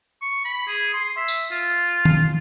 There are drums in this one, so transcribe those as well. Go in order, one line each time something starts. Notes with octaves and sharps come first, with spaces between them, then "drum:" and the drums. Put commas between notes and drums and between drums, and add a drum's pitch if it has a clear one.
C#6
B5
G#4
C6
E5
drum: tambourine
F4
drum: tom D#3